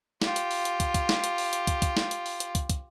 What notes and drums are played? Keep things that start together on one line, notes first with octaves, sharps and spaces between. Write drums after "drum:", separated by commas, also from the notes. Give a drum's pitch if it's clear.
F4 G4, drum: snare
drum: hi-hat
drum: open hi-hat
drum: hi-hat
drum: kick, hi-hat
drum: kick, hi-hat
drum: snare
drum: hi-hat
drum: open hi-hat
drum: hi-hat
drum: kick, hi-hat
drum: kick, hi-hat
drum: snare
drum: hi-hat
drum: open hi-hat
drum: hi-hat
drum: kick, hi-hat
drum: kick, hi-hat